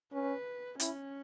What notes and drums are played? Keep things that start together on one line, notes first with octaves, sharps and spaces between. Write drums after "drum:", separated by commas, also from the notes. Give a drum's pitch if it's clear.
C#4 B4
C#4 E4, drum: hi-hat